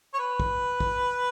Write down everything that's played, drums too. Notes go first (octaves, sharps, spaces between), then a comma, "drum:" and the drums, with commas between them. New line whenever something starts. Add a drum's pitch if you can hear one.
C#5
B4
drum: kick
drum: kick